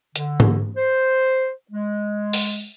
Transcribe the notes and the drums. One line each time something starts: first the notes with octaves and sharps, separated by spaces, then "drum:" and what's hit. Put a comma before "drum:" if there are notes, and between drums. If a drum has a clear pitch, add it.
D3, drum: hi-hat
drum: tom
C5
G#3
drum: open hi-hat